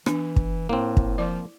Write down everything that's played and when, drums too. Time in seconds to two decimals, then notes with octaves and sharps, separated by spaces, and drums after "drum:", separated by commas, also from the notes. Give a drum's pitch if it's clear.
0.06 E3 B3 D4, drum: rim click
0.36 drum: kick
0.69 A2 A#3 C4
0.97 drum: kick
1.18 F3 E4 D5 D6